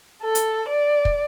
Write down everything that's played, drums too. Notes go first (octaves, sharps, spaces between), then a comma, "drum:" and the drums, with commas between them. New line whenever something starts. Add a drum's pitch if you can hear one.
A4
drum: hi-hat
D5
drum: kick